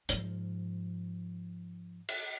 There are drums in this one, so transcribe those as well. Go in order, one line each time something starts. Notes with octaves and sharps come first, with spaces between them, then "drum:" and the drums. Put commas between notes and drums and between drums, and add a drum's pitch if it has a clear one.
G#2 F3, drum: hi-hat
drum: cymbal